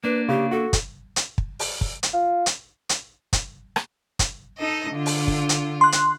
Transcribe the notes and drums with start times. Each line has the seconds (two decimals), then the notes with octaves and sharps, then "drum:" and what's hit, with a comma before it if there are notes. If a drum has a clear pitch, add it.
0.04 A#3 D4 B4
0.29 C#3 G4
0.51 F#4 A4
0.73 drum: kick, hi-hat
1.16 drum: hi-hat
1.38 drum: kick
1.59 drum: open hi-hat
1.81 drum: kick
2.03 drum: hi-hat
2.13 F4
2.46 drum: hi-hat
2.89 drum: hi-hat
3.33 drum: kick, hi-hat
3.76 drum: rim click
4.19 drum: kick, hi-hat
4.58 D#4 A4 D#5
4.92 D3 F4
5.06 drum: open hi-hat
5.27 drum: kick
5.49 drum: hi-hat
5.81 C6 F#6
5.92 drum: hi-hat